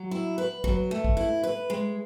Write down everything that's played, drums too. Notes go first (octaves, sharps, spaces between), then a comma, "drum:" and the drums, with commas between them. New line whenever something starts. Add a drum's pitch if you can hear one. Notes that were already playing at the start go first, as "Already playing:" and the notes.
Already playing: F#3
E4
B4
F#3, drum: kick
A3
drum: kick
E4
B4
G#3